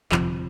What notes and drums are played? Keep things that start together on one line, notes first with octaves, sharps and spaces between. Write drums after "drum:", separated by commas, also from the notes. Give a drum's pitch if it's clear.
G1 F2 C3 F3, drum: clap